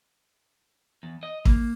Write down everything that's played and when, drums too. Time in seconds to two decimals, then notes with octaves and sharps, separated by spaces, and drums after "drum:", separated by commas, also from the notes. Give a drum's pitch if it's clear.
1.03 E2
1.23 D#5
1.45 A#3, drum: kick